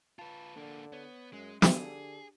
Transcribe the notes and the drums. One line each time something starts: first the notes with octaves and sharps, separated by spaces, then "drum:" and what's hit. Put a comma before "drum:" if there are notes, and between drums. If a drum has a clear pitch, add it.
F4 B4 A5
D3 A#3 D4
B3 C#5
F#2 G#3 C#4
D3 D4 G4 G#4, drum: snare